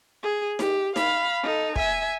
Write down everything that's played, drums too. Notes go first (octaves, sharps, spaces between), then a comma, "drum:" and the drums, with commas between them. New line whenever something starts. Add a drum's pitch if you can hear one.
G#4
G4, drum: snare D#4
F5 B5, drum: snare D#4
D#4 A4
E5 G#5, drum: kick